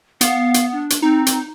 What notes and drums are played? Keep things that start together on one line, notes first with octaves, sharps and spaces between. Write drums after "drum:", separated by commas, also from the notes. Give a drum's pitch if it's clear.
B3 F5, drum: hi-hat
drum: hi-hat
D4
drum: hi-hat
C4 D#4
drum: hi-hat